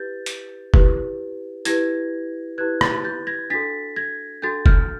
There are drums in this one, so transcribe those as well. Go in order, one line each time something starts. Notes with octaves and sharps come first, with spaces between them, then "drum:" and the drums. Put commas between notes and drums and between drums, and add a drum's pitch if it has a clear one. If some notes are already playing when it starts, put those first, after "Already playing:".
Already playing: E4 G4 B4 G6 A6
drum: hi-hat
E4 G4 B4, drum: kick
E4 G4 B4 G#6 A#6, drum: hi-hat
E4 G4 B4 F#6 G#6
G6 A6, drum: rim click
G6 A6
G#6 A#6
D4 F#4 A4 A6 B6
G#6 A#6
D4 F#4 A4 G6 A6
F6 G6, drum: kick